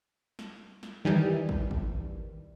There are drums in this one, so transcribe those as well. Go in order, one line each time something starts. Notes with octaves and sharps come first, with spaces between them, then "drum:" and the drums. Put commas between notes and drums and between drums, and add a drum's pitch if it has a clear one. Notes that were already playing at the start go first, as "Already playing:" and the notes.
drum: snare
drum: snare
D#3 E3 G3
drum: kick
drum: kick